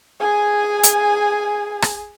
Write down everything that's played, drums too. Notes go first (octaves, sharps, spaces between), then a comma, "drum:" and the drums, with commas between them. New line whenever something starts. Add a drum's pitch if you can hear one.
G#4 G#5
drum: hi-hat
drum: rim click